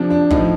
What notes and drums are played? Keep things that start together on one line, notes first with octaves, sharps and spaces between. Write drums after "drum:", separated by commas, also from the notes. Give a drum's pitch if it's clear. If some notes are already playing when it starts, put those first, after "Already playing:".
Already playing: C3 F3 D4
D4
A2 F3 D#4, drum: kick